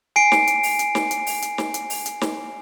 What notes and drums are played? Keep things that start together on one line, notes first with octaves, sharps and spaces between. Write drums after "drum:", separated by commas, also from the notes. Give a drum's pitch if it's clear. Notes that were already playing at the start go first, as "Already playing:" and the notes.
G#5 C7 D7
drum: snare
drum: hi-hat
drum: open hi-hat
drum: hi-hat
drum: snare
drum: hi-hat
drum: open hi-hat
drum: hi-hat
drum: snare
drum: hi-hat
drum: open hi-hat
drum: hi-hat
drum: snare